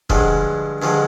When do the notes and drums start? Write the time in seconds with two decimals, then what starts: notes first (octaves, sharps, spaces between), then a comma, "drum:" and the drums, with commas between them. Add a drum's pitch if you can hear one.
0.10 G2 D3 F3 G#3, drum: kick E1
0.82 G2 D3 F3 G#3